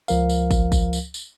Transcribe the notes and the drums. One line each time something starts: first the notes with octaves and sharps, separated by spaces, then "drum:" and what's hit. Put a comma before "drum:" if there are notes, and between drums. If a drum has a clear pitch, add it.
C#2 F3 A#4 F5, drum: tambourine
drum: tambourine
drum: kick, tambourine
drum: kick, tambourine
drum: tambourine
drum: tambourine